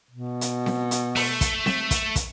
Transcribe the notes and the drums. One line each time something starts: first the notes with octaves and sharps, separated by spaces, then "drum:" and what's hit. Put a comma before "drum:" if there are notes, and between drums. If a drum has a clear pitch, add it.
B2
drum: hi-hat
drum: snare C4
drum: hi-hat
A3, drum: open hi-hat
drum: kick, hi-hat
drum: snare C4
drum: kick, hi-hat
drum: kick, hi-hat